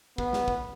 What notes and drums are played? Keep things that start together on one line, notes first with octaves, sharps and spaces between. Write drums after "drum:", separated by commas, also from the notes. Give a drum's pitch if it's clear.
B3, drum: kick
drum: snare
drum: kick